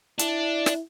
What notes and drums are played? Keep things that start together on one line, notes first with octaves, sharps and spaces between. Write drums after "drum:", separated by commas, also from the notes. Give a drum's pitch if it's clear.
D4 E4, drum: hi-hat
drum: snare